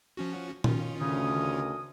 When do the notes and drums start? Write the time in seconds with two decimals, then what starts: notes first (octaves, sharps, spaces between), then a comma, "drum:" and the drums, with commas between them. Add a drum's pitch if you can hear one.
0.17 F3 C#4 F#4
0.64 D#3 C#4 F4, drum: tom A#2
1.01 D2 C#3 A#4 G#5 D#6